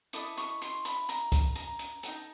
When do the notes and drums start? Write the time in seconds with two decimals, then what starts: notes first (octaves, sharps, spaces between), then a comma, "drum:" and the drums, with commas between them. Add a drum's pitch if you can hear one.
0.13 E4 A4 D#5 D6, drum: hi-hat
0.37 C#6, drum: hi-hat
0.62 C6, drum: hi-hat
0.85 B5, drum: hi-hat
1.09 A#5, drum: hi-hat
1.32 drum: kick, hi-hat
1.56 A#5, drum: hi-hat
1.79 drum: hi-hat
2.03 D#4 F#4 A4, drum: hi-hat